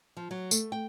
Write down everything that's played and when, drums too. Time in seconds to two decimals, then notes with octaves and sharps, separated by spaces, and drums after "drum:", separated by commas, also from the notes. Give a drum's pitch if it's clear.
0.17 F3
0.31 F#3
0.51 A3, drum: tambourine
0.72 G5